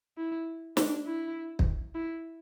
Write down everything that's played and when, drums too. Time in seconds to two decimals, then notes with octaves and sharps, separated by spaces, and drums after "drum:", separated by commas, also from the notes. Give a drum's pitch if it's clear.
0.18 E4
0.77 D4, drum: snare
1.06 E4
1.59 drum: kick
1.95 E4